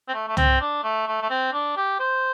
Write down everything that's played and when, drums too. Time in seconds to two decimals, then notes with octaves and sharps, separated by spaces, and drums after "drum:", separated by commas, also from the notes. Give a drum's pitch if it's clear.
0.08 C4
0.14 A3
0.28 A3
0.37 C4, drum: tom
0.61 D4
0.84 A3
1.07 A3
1.21 A3
1.30 C4
1.53 D4
1.77 G4
2.00 C5